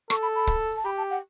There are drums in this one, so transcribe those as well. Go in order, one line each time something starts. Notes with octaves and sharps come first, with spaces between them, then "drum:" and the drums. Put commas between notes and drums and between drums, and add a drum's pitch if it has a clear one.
A4 C#6, drum: rim click
B5
B5
drum: kick
A5
G4 B5
A5
F#5